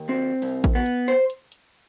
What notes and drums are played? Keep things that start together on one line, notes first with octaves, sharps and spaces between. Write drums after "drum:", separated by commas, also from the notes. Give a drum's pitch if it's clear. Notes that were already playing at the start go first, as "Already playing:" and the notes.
Already playing: D#2
C4
C2, drum: open hi-hat
drum: kick A1, hi-hat
B3
drum: hi-hat
C5, drum: hi-hat
drum: hi-hat
drum: hi-hat